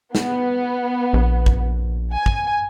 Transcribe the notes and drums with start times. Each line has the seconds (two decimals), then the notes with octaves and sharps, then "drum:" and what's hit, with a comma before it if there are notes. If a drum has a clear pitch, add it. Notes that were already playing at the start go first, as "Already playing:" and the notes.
0.15 B3, drum: snare
1.13 A#1
1.46 drum: kick
2.14 G#5
2.26 drum: kick